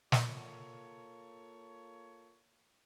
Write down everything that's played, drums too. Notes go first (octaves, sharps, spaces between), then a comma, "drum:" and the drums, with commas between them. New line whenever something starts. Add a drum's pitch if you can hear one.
A#3 F4 A4 C#5, drum: snare